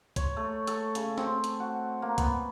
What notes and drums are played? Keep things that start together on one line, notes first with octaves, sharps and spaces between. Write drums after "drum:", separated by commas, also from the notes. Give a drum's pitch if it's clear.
C#5, drum: kick, hi-hat
A3
A4, drum: hi-hat
C#3, drum: hi-hat
C4, drum: snare
drum: hi-hat
F#4
A#3
B3, drum: kick, hi-hat